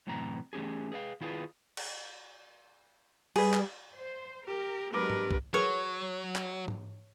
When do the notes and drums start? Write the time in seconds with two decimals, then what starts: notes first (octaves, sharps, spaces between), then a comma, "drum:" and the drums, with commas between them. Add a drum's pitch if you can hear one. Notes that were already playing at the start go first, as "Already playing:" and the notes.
0.07 F#2 A2 C3 E3 A#5
0.53 E3 A3 C#4 G4 G#4
0.92 G#4 B4 D#5 F5
1.21 D#3 E4 F4 G#4 B4
1.77 drum: cymbal
3.36 G3 G#4 B4, drum: cymbal
3.54 drum: clap
3.95 C5
4.47 G4 A#4
4.94 G2 F#3 G#3 B3 A#4 B4 A#5 D6
5.10 drum: tom G#2
5.31 drum: kick
5.54 F#3 G#4 A#4 B4 C#5
6.36 drum: clap
6.68 drum: tom G#2